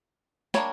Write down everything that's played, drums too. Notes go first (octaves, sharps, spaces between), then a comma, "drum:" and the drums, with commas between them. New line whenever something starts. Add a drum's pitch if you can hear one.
G3 A#3 D4 C#5, drum: snare